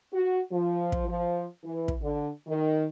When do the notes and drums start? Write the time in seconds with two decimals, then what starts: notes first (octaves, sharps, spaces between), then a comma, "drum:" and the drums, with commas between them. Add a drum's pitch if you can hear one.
0.12 F#4
0.52 F3
0.92 drum: kick
1.08 F3
1.64 E3
1.88 drum: kick
2.02 D3
2.47 D#3